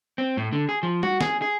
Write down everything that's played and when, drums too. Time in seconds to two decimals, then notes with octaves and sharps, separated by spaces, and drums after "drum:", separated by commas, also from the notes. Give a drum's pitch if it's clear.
0.18 C4
0.37 A2
0.53 D3
0.69 G#4
0.83 F3
1.03 F#4, drum: tom G3
1.21 G#4, drum: snare
1.42 G#4